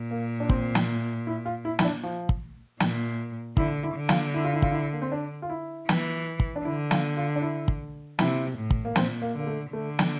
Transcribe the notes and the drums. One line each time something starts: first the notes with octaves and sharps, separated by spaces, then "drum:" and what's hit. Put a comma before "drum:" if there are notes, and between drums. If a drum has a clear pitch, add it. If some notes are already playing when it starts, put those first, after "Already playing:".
Already playing: A#2
A#3
D4
C4, drum: kick
drum: snare
E4
F4
E4
E4, drum: snare
D4
F3
drum: kick
A#2, drum: snare
D3 E4, drum: kick
E4
D3
F4, drum: snare
E4
F4
E4
F4, drum: kick
E4
A#3
C4
D4
F4
E4
E3, drum: snare
drum: kick
D4
D3 E4
F4, drum: snare
F4
D4
E4
drum: kick
C3 E4, drum: snare
A2
drum: kick
A#3
A#2 C4, drum: snare
A#3
D3 A#3
A3
D3 A3
drum: snare